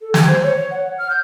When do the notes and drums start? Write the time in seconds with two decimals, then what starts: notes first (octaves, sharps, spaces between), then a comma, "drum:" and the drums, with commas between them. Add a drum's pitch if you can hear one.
0.01 A4
0.14 G#6, drum: snare
0.28 C5
0.43 C#5
0.57 C#5
0.71 F#5
0.98 F6
1.10 G6